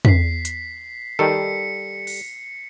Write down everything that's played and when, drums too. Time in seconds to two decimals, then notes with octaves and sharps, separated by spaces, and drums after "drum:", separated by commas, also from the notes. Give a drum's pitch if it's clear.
0.05 B6 C7, drum: tom
0.45 drum: hi-hat
1.19 D#3 G3 A4 C#7
2.07 drum: open hi-hat